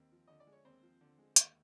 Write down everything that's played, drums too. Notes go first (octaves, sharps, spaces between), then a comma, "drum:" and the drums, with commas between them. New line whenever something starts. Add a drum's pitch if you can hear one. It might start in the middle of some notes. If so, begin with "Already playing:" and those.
Already playing: D#2 C4
F3
D3 D#5
D5
G#3
C#5
D#2 C4 C5
F3
D3
G#3
D#2, drum: hi-hat